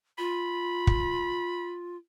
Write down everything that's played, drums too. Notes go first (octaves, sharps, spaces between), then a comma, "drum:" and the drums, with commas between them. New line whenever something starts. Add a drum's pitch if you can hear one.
F4 B5
drum: kick